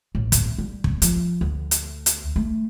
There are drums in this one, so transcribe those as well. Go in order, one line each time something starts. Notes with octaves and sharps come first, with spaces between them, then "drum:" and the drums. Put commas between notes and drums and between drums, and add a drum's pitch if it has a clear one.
A1
drum: kick, hi-hat
G3
drum: kick
F3, drum: hi-hat
D2
drum: hi-hat
drum: hi-hat
A3